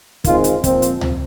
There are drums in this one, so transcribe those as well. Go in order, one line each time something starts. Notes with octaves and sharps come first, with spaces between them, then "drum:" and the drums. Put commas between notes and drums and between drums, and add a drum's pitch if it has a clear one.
D#3 G#3 C4 F4, drum: kick, hi-hat
drum: hi-hat
A#2 F3 C4, drum: kick, hi-hat
drum: hi-hat
drum: tom C#2